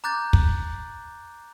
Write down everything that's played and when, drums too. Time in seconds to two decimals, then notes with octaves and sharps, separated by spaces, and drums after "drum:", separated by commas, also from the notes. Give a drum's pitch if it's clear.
0.04 A#5 D6 F#6 G6 A6
0.33 drum: kick